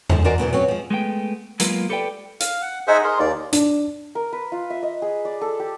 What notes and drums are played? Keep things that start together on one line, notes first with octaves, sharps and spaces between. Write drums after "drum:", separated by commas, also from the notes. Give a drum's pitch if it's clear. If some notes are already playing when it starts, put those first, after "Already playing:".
G#2 D3 D#3 F3 G#3, drum: tom E2
F#4 A#4 C5 D5 D#5 G#5
F#2 B2 D#3 E3
F#3 C4 C#4
F3 G#3
G#3 A3 B3 G5
F#3 G#3 A#3 B3 F4, drum: hi-hat
G4 A4 B4 C5 D5 G5
F5, drum: hi-hat
F#5
D#4 G#4 C5 E5 F#5
G#4 A#4 C6
D#2 D5
D4, drum: hi-hat
A#4
B4
F4
E5
D#5
G#4
D5
A4
G4